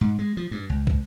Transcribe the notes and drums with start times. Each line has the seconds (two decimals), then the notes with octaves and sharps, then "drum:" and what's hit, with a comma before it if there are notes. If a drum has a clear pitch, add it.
0.01 G#2
0.19 G#3
0.37 F3
0.51 G2
0.70 C#2
0.87 C#2, drum: kick